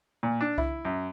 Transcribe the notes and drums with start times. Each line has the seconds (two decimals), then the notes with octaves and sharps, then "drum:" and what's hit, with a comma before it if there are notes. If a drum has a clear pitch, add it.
0.23 A#2
0.41 D4
0.58 E4, drum: kick C2
0.85 F#2